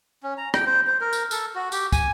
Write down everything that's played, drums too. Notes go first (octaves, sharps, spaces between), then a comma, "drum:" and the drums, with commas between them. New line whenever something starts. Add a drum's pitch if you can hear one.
C#4
A#5
G5, drum: rim click
C5
C5
A#4
drum: tambourine
A4, drum: tambourine
F#4
G4, drum: tambourine
G#5, drum: kick, tambourine